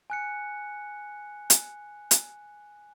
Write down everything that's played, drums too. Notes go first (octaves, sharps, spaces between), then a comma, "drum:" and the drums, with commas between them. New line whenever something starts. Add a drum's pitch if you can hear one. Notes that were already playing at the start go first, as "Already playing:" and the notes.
G#5 F#6 C#7
drum: hi-hat
drum: hi-hat